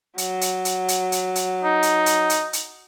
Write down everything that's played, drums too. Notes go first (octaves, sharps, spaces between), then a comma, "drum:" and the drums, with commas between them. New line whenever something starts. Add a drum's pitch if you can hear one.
F#3, drum: hi-hat
drum: hi-hat
drum: hi-hat
drum: hi-hat
drum: hi-hat
drum: hi-hat
D#4
drum: hi-hat
drum: hi-hat
drum: hi-hat
drum: hi-hat